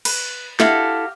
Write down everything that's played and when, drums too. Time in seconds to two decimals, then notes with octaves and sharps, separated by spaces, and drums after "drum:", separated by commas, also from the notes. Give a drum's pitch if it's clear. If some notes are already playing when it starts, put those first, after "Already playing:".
0.05 B4, drum: cymbal
0.60 E4 F#4 G4 A4 F5, drum: snare